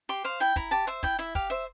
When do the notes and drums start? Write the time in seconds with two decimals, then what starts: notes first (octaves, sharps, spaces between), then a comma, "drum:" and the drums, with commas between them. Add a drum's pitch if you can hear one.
0.09 G4 C6
0.24 C5 F5
0.40 E4 G5
0.56 E4 A#5, drum: kick
0.71 G4 A5
0.87 C5 E5
1.03 E4 G5, drum: kick
1.19 E4 E5
1.35 G4 F5, drum: kick
1.50 C5 E5